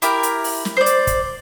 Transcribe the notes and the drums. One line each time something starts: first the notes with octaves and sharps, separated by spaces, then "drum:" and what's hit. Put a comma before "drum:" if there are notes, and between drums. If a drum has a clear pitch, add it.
E4 G4 A#4, drum: hi-hat
drum: hi-hat
drum: open hi-hat
drum: snare
C5 D5
drum: hi-hat
drum: kick, hi-hat